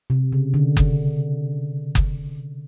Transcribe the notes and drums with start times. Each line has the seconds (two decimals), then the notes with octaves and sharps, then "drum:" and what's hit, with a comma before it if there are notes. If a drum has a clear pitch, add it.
0.10 C3
0.32 C#3
0.54 D3
0.77 drum: kick F#1
1.95 drum: kick F#1